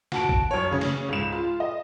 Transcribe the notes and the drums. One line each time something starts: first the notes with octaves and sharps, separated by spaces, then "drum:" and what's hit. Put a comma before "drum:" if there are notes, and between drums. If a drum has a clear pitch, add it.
F#4 A5 D7, drum: snare
drum: kick
F#2 C#5
C#3 C#4
drum: snare
C#2 G#2 E7
F4
D#5